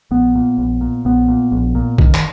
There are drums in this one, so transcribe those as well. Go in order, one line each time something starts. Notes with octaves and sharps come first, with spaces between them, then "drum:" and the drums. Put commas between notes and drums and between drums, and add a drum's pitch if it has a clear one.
A#1 B3
A#2
A#1
A#2
A#1 B3
A#2
A#1
A#2
F#1 D#3, drum: kick
drum: clap